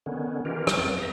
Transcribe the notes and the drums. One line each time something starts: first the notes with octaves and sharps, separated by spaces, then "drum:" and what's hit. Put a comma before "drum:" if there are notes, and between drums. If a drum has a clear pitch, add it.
D3 D#3 B3 C#4
D#3 E3 C#4 F4 G4 A#4
drum: rim click
F2 E3 C4 G5 A6
D#5 E5 A#5 D#6